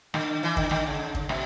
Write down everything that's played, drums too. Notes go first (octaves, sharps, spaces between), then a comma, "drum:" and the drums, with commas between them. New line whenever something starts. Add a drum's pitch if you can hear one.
D3, drum: rim click
E3
D3, drum: kick
D3, drum: rim click
C#3
drum: kick
B2, drum: rim click